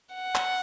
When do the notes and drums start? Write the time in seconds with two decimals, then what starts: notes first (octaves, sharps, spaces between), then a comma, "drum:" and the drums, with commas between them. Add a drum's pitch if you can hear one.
0.14 F#5
0.35 drum: clap